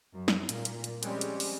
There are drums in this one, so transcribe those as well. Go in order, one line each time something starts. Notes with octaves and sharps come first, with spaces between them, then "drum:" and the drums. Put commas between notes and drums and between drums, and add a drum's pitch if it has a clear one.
F#2
drum: snare
A#2, drum: hi-hat
drum: hi-hat
drum: hi-hat
F3 G3 G#3 C4 C#4, drum: hi-hat
drum: hi-hat
drum: open hi-hat